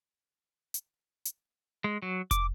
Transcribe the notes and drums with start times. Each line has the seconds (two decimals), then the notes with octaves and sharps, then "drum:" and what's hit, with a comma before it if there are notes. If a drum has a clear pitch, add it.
0.74 drum: hi-hat
1.25 drum: hi-hat
1.84 G#3
2.02 F#3
2.31 D6, drum: kick F1, hi-hat